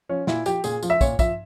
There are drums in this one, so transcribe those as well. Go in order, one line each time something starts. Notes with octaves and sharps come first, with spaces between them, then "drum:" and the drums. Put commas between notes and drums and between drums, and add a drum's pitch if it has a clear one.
F3 C#4
A#2 E4, drum: snare
F3 G4, drum: tambourine
A#2 G#4, drum: tambourine
F3, drum: tambourine
E5
A#2 C#5, drum: kick, tambourine
F3 E5, drum: kick, tambourine